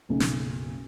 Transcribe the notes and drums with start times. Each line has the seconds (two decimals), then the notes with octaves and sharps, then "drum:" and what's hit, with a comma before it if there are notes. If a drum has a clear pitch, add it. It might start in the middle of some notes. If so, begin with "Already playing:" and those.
0.09 F#1 B1 F#2 C#3
0.20 drum: snare